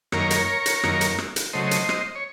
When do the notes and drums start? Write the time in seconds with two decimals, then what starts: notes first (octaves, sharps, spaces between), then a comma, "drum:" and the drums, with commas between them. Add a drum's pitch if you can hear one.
0.12 F#2 D#3 A#3 A#4 C#5, drum: rim click
0.30 drum: hi-hat
0.66 drum: hi-hat
0.84 F#2 D#3 A#3, drum: rim click
1.01 drum: hi-hat
1.18 drum: rim click
1.36 drum: hi-hat
1.53 C#3 F#3 A3 C5 D#5
1.71 drum: hi-hat
1.89 drum: rim click
2.15 C#5